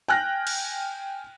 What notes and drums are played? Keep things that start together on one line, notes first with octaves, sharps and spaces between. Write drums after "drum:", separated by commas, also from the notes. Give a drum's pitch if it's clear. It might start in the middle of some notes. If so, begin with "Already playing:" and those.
G5 G#5 F6 F#6 A#6
drum: cymbal